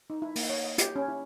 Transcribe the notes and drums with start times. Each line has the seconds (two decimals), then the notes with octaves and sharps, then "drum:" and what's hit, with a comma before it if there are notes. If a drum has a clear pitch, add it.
0.10 D#4
0.22 E4
0.36 A#3, drum: open hi-hat
0.50 C#5
0.64 D#5
0.78 G4, drum: hi-hat
0.96 C#4
1.08 E4